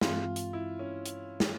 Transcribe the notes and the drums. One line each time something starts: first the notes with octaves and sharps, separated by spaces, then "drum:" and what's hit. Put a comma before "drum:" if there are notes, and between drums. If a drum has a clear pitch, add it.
G2 E3 G#3 C4 F4, drum: snare
drum: hi-hat
E4
C#4
drum: hi-hat
drum: snare